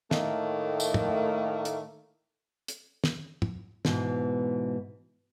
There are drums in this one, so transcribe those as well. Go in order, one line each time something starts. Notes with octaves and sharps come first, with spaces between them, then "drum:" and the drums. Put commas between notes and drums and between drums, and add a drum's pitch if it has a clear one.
A2 D#3 A3 A#3, drum: snare
drum: tambourine
drum: tom
drum: hi-hat
drum: hi-hat
drum: snare
drum: tom
G#2 B2 E3, drum: snare